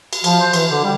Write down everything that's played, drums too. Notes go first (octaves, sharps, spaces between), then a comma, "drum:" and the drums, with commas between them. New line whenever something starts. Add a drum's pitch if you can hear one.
drum: cymbal
F3, drum: cymbal
C5
E3, drum: cymbal
D3
G3